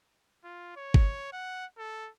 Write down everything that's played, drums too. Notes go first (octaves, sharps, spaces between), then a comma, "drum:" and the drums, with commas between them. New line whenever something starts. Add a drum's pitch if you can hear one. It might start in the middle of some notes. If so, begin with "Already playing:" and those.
F4
C#5
drum: kick G#1
F#5
A4